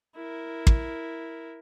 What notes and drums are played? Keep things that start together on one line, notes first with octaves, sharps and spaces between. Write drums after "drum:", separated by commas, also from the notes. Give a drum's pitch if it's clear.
E4 A#4
drum: kick